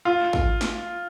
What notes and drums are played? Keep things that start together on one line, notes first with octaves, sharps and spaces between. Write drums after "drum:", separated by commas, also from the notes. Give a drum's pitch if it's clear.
F4
drum: kick
drum: snare